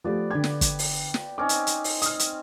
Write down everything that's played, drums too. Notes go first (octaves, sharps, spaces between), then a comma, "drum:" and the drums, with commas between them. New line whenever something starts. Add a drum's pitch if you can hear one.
F3 A3 B3 G4 D5
D3 G4 G#6
drum: snare
drum: kick, hi-hat
drum: open hi-hat
drum: snare
C4 C#4 D#4 D6
drum: hi-hat
drum: hi-hat
drum: open hi-hat
D#6 F6, drum: hi-hat
drum: hi-hat